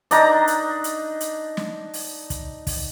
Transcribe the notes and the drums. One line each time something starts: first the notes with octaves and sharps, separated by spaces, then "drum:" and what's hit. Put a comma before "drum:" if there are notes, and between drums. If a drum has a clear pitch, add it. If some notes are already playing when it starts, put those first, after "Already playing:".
D4 D#4 A#5, drum: hi-hat
drum: hi-hat
drum: hi-hat
drum: hi-hat
drum: snare
drum: open hi-hat
drum: kick, hi-hat
drum: kick, open hi-hat